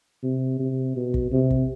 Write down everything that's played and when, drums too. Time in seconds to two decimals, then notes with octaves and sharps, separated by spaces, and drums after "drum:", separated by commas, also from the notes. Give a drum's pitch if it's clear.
0.23 C3
0.59 C3
0.96 B2
1.14 drum: kick
1.32 C3
1.50 drum: kick